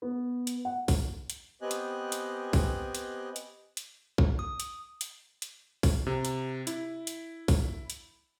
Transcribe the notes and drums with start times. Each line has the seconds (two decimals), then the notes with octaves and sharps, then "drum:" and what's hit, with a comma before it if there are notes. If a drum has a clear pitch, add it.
0.02 B3
0.47 drum: hi-hat
0.65 F#5
0.88 drum: kick, open hi-hat
1.30 drum: hi-hat
1.62 B3 C4 G4 D#5 G#5 F#6
1.71 drum: hi-hat
2.12 drum: hi-hat
2.53 drum: kick, open hi-hat
2.95 drum: hi-hat
3.36 drum: hi-hat
3.77 drum: hi-hat
4.18 drum: kick
4.39 D#6
4.60 drum: hi-hat
5.01 drum: hi-hat
5.42 drum: hi-hat
5.83 drum: kick, open hi-hat
6.06 C3
6.25 drum: hi-hat
6.67 E4, drum: hi-hat
7.07 drum: hi-hat
7.48 drum: kick, open hi-hat
7.90 drum: hi-hat